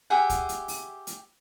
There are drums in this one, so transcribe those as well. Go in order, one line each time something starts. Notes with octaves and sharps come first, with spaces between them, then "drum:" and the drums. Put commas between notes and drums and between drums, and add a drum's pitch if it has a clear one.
G4 G#4 E5 F#5
drum: kick, hi-hat
drum: hi-hat
drum: open hi-hat
drum: hi-hat